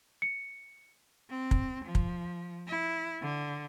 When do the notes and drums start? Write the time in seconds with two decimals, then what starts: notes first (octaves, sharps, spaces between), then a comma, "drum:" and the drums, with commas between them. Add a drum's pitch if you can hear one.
0.22 C#7
1.30 C4
1.51 drum: kick
1.85 F3
1.95 drum: kick
2.67 E4
3.22 D3